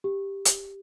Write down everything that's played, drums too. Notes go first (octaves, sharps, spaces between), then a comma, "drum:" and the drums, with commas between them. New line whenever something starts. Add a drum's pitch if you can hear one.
G4
drum: hi-hat